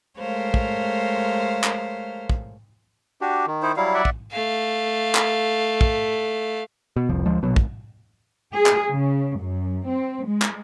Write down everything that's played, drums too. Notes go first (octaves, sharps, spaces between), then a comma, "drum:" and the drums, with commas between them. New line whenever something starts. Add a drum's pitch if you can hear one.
G#3 A3 A#4 C5 C#5 F5
drum: kick
drum: clap
drum: kick
D4 F#4 G4
D#3
D#4 E4 C5
F#3 G3 E4 F5
D5 E5 F#5
drum: kick
A3 F5
drum: clap
drum: kick
B2
F1 C2 F3
D2 F3 G#3
A#1 B2 F#3
G#1, drum: kick
G#4
drum: clap
C#3
F#2
C4
G#3
drum: clap